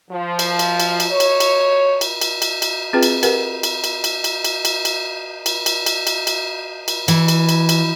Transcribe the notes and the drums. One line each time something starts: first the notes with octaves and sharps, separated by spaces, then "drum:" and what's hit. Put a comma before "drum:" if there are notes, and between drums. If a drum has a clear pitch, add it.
F3
drum: cymbal
drum: cymbal
drum: cymbal
drum: cymbal
C#5
drum: cymbal
drum: cymbal
drum: cymbal
drum: cymbal
drum: cymbal
drum: cymbal
C4 F4 G#4 B4 G5
drum: cymbal
G4 A#4 B4 F#5 G#5, drum: cymbal
drum: cymbal
drum: cymbal
drum: cymbal
drum: cymbal
drum: cymbal
drum: cymbal
drum: cymbal
drum: cymbal
drum: cymbal
drum: cymbal
drum: cymbal
drum: cymbal
drum: cymbal
E3, drum: cymbal
drum: cymbal
drum: cymbal
drum: cymbal